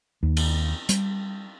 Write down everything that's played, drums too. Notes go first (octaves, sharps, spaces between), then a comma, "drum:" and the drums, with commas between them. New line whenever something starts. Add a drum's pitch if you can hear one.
D#2
drum: cymbal
G3, drum: hi-hat